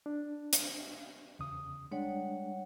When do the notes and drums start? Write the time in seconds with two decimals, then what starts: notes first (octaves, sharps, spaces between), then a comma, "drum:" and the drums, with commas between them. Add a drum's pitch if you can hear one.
0.06 D4
0.53 drum: hi-hat
1.39 E2 C#3 D#6
1.92 G3 G#3 D4 C#5 F#5